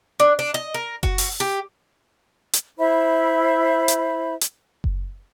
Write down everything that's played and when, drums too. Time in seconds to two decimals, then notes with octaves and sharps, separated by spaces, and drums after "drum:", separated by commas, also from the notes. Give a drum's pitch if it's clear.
0.20 D4
0.39 D4
0.54 D#5
0.74 A#4
1.03 F#4, drum: kick F#1
1.18 drum: open hi-hat
1.40 G4
2.53 drum: hi-hat
2.78 E4 C5 E5 B5
3.88 drum: hi-hat
4.41 drum: hi-hat
4.84 drum: kick F#1